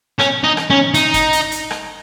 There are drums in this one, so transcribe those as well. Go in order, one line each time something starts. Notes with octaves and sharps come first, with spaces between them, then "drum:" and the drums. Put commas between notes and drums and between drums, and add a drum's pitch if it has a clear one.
C#4, drum: rim click
D#4
drum: rim click
C#4
D#4, drum: hi-hat
drum: kick, hi-hat
drum: hi-hat
drum: hi-hat
drum: rim click